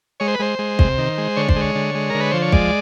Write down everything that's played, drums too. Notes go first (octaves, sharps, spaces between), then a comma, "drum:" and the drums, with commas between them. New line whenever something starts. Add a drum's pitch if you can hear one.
G#3 C#5
C5
B4
G#3 C5
G#3
C3, drum: kick
D#3
G#3
D3 C#5
C5, drum: kick
G#3
C#5
D3
G#3
D3 A#4
B4
F3 C5
C#5
G#3 D5, drum: kick